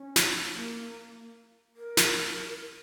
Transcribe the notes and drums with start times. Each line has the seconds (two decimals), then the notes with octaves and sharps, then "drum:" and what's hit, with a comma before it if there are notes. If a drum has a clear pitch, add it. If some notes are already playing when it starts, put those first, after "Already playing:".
Already playing: C#4
0.16 drum: snare
0.54 A#3
1.77 A#4
1.97 drum: snare